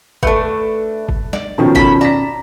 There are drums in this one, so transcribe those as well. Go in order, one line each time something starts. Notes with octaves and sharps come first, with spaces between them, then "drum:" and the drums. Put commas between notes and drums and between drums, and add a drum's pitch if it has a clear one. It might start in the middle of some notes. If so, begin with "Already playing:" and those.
A3 D4 A4 B4, drum: kick
drum: kick
D5, drum: snare
B2 D#3 F3 C#4
A4 A5 B5, drum: kick
D5 A5 A#5 B6